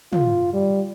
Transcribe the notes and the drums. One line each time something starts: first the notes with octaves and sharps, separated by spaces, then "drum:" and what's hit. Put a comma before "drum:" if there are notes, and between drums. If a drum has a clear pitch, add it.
F4, drum: tom
G3